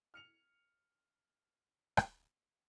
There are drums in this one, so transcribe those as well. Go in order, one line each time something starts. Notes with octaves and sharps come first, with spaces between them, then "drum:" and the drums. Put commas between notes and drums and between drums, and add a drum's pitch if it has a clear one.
F6 C#7 F7
drum: rim click